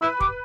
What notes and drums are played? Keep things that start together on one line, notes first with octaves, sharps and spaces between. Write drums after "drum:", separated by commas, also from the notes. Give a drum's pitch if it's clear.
E4 B4 B5
G4, drum: kick